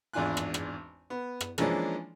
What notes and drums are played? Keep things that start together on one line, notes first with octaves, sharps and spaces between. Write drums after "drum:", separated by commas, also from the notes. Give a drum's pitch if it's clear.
G#1 E2 D4 F4 G#5 F#6
drum: rim click
drum: rim click
B3
drum: rim click
E3 F3 G#3 A#3 C#4 D4, drum: rim click